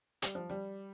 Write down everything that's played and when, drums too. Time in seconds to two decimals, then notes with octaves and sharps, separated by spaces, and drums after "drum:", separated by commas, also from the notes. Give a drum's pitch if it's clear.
0.22 G3, drum: hi-hat
0.35 F3
0.50 G3